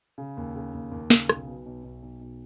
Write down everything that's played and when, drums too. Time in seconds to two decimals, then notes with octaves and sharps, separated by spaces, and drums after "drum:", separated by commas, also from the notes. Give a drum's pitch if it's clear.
0.18 C#3
0.37 D#2
0.56 C#3
0.74 D#2
0.91 D#2
1.10 C#3, drum: snare
1.29 B1, drum: rim click
1.47 B2
1.66 B1
1.84 B1
2.03 B1
2.21 B1